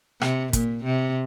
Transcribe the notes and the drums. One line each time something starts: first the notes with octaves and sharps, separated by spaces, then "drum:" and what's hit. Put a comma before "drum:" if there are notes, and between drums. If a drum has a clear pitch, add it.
C3, drum: rim click
A#2, drum: kick, hi-hat
C3